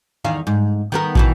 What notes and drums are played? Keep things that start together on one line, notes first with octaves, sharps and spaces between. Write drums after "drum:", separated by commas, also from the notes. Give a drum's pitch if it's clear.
E2 D#3 F5
G#2
D#3 B3 A#4
B2 D#3 E3, drum: kick